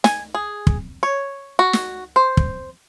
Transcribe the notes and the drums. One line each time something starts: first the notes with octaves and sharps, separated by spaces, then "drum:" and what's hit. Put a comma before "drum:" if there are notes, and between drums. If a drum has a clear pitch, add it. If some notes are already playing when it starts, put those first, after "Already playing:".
G#5, drum: snare
G#4
drum: kick
C#5
F#4
drum: snare
C5
drum: kick